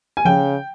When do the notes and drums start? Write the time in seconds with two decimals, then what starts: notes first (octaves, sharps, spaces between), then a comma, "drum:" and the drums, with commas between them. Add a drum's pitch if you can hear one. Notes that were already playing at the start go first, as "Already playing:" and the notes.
0.17 G#5
0.25 C#3 G5, drum: tom F3